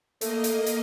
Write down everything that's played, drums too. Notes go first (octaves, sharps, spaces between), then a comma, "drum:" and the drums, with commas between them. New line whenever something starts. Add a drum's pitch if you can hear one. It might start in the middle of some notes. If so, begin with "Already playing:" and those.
A3 A#3 D#5, drum: hi-hat
drum: hi-hat
drum: hi-hat